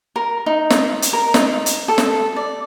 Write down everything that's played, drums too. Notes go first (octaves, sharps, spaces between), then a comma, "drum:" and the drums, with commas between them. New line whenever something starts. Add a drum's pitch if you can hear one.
A#4
D#4
drum: snare
drum: hi-hat
A#4
D#4, drum: snare
drum: hi-hat
A4
drum: snare
D5